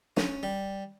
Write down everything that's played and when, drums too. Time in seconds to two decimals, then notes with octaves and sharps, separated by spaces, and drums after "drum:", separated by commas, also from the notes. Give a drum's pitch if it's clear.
0.17 C#4, drum: snare
0.43 G3